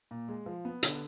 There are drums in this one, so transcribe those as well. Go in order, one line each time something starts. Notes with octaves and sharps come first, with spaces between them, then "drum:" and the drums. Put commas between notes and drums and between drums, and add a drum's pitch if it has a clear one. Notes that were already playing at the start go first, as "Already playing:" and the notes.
A#2
G#3
F3
B3
D3, drum: hi-hat